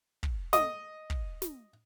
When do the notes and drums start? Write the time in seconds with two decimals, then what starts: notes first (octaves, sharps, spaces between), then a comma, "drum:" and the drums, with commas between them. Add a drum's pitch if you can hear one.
0.23 drum: kick
0.53 D#5, drum: snare
1.10 drum: kick
1.42 drum: snare